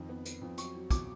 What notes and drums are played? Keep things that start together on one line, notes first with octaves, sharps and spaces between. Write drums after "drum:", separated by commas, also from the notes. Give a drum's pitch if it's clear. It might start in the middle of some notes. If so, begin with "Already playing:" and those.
Already playing: F2 D#3
B3
B3, drum: hi-hat
F2
F#3 C#6, drum: hi-hat
F#3
B2 D6, drum: kick, hi-hat